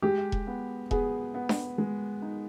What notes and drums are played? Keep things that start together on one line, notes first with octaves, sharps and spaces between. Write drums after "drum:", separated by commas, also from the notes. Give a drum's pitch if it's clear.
G#3 G4
drum: kick E1
B3
B3 G#4, drum: kick E1
B3
drum: snare D4
G#3
D#4